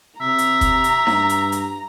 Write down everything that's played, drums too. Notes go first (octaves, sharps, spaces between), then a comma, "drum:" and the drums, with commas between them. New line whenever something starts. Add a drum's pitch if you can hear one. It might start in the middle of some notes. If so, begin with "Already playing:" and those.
C3 E5 A#5
drum: hi-hat
drum: kick F#1, hi-hat
drum: hi-hat
G2, drum: snare D#4
drum: hi-hat
drum: hi-hat